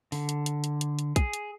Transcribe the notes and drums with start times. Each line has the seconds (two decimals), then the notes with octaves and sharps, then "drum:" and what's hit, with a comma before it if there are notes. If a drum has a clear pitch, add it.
0.12 D3, drum: open hi-hat
0.29 drum: hi-hat
0.46 drum: hi-hat
0.64 drum: hi-hat
0.81 drum: hi-hat
0.99 drum: hi-hat
1.16 G#4, drum: kick, hi-hat
1.33 drum: hi-hat